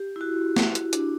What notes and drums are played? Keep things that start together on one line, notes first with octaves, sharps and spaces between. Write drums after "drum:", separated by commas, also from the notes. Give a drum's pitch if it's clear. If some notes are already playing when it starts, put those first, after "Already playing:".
Already playing: G4
E4
F#4
E4, drum: snare
drum: hi-hat
D4, drum: hi-hat